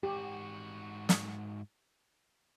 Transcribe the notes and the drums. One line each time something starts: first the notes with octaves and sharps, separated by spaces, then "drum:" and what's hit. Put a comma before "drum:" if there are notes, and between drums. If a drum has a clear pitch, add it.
G#2 F#4 G4
drum: snare